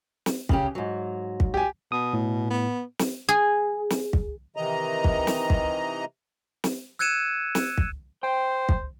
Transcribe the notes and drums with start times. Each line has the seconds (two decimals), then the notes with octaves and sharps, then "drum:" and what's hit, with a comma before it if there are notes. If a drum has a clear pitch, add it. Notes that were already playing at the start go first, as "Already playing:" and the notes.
0.26 drum: snare
0.49 C#3 C#4 G4, drum: kick
0.75 G#2 F#3
1.40 drum: kick
1.54 G4 G#5
1.92 B2 D#6
2.13 A2
2.50 B3
2.99 drum: snare
3.29 G#4
3.90 drum: snare
4.13 drum: kick
4.56 C3 D#3 E3 D#5 A#5
5.04 drum: kick
5.27 drum: snare
5.50 drum: kick
6.64 drum: snare
6.99 E6 F#6 G#6 C#7 D#7 E7
7.55 drum: snare
7.78 drum: kick
8.23 C5 G5
8.69 drum: kick